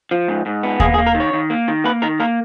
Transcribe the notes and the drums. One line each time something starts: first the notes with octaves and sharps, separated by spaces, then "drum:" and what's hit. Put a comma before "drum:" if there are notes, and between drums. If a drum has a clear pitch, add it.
F3
G#2
G#2
B3
A#3 G#4, drum: kick D#2
G#4
A#3
A#4
D#3
C#5
D#3
A#3
D#3
A#3 B4
D#3 A#4
A#3 A#4